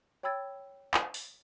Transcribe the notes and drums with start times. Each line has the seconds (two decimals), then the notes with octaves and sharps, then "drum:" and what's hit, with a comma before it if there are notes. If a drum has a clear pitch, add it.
0.23 C#5 G5 B5 E6 G#6 A6
0.94 drum: clap
1.14 drum: open hi-hat